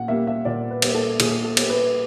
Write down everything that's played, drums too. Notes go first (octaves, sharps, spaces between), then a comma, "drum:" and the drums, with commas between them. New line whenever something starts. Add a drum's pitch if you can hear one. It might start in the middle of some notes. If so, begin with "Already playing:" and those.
Already playing: A#2 F#5
G3 A#3 E5
E5
A#2 D5
B4
G3 A#3, drum: cymbal
A4
A#2 G#4, drum: cymbal
A4
G3 A#3, drum: cymbal
B4